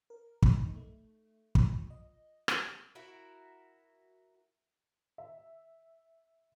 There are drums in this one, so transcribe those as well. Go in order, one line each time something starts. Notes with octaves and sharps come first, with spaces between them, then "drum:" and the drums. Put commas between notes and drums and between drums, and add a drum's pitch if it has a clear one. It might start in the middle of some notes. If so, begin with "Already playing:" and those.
A#4
drum: kick
D#4
A3
F3, drum: kick
D#5
G3, drum: rim click
E4 F#4 A#4 E5
E5